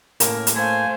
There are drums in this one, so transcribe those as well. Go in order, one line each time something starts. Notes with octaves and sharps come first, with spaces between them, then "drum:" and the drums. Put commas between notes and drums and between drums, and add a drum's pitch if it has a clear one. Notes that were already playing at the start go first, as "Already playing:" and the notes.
A2 A#3 C#4 A#4, drum: hi-hat
drum: hi-hat
A3 C5 F5 G#5